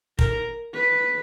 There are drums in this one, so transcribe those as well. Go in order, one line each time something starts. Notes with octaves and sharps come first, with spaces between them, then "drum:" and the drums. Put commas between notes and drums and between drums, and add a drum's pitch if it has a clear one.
A#4, drum: kick
B4